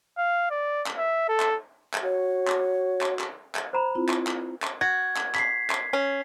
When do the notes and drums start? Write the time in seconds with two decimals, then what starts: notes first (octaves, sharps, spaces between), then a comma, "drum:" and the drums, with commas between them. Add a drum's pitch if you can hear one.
0.18 F5
0.50 D5
0.86 drum: clap
0.98 E5
1.29 A4
1.40 drum: clap
1.94 drum: clap
2.03 F#4 C#5
2.47 drum: clap
3.01 drum: clap
3.19 drum: clap
3.55 drum: clap
3.73 C5 A#5 B5
3.95 C4 E4 F4
4.09 drum: clap
4.27 drum: clap
4.62 drum: clap
4.81 F#4 G#6
5.16 drum: clap
5.35 B6 C7, drum: clap
5.70 drum: clap
5.93 C#4